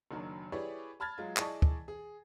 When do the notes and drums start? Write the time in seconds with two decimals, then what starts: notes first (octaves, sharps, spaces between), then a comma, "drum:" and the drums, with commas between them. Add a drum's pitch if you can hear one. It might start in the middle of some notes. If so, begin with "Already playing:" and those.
0.11 F#1 D#3 F#3 D4
0.52 E4 G4 G#4 B4 C#5 D5
1.00 A5 B5 F6 G#6 A6
1.18 F#3 G#3 F4
1.37 E4 G#4 D5 D#5 A5 C#6, drum: clap
1.62 drum: kick
1.88 G#4